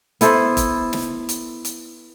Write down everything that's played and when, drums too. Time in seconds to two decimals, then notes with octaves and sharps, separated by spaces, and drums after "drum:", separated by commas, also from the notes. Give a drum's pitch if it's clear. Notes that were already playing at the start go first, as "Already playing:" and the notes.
0.21 B3 E4 A4 C5, drum: hi-hat
0.57 drum: kick F1, hi-hat
0.93 drum: snare
1.29 drum: hi-hat
1.65 drum: hi-hat